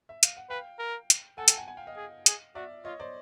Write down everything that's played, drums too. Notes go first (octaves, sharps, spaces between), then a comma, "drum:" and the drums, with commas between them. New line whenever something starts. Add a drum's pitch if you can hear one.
E5
F5, drum: hi-hat
F#5
B4 F5 G5
A#4
drum: hi-hat
A4 F#5 G#5
G5 A5, drum: hi-hat
F#5 G#5
F#5 G#5
F5 G5
D#5 F5
G#4
G#4, drum: hi-hat
F#4 D5 E5
F4 C#5 D#5
C5 D5